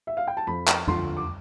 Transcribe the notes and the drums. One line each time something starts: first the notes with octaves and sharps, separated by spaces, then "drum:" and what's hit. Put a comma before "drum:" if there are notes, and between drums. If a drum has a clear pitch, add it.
E5
F5
G5
A5
F2 B5
drum: clap
D3 F3 C6, drum: tom F2
D6